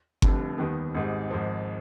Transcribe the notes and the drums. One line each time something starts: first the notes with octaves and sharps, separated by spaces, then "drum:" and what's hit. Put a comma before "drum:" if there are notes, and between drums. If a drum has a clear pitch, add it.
F1 F2 D3 G3, drum: kick G1
D#2 D#3 G3 B3
G#1 G#2 G3
G#1 G#2 F3